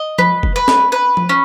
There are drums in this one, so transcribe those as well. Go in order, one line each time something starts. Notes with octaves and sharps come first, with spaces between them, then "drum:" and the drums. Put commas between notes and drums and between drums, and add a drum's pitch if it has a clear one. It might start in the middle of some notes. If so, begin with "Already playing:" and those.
Already playing: D#5
B4, drum: tom F3
drum: kick
B4
drum: snare
B4
drum: tom F3
C#4